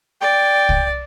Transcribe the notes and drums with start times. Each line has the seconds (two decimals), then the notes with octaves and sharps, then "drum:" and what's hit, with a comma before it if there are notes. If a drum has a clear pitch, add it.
0.22 D5 G5
0.69 drum: kick C2